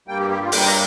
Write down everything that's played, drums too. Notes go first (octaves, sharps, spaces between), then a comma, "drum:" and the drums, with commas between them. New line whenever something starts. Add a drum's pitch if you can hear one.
G2 G3 A#3 G5
G4
G4
F4
G2 G3 A#3 G5, drum: open hi-hat
A#5